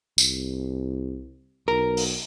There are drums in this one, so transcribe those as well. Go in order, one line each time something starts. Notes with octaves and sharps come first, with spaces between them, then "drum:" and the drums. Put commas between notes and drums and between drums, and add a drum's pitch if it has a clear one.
C2, drum: tambourine
B1 A#4
drum: open hi-hat